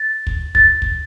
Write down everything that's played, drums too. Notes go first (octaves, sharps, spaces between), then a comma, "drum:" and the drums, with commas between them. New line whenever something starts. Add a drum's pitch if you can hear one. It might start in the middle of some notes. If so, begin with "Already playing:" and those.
Already playing: A6
drum: kick
A6, drum: kick
drum: kick